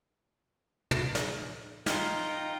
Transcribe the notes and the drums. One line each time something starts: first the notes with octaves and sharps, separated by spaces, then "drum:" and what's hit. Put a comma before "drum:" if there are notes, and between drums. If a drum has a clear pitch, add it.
drum: tom
drum: snare
D#4 F4 G5 A#5, drum: snare